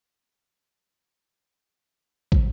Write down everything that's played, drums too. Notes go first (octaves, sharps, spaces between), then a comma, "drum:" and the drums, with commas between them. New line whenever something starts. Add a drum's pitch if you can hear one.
A#2
C3
A2
F3
F#3
A#3
drum: kick